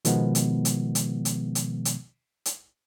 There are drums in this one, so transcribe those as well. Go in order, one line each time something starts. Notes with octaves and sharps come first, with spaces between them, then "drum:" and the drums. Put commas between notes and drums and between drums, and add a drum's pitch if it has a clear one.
B2 D#3 F3 G#3 B3, drum: hi-hat
drum: hi-hat
drum: hi-hat
drum: hi-hat
drum: hi-hat
drum: hi-hat
drum: hi-hat
drum: hi-hat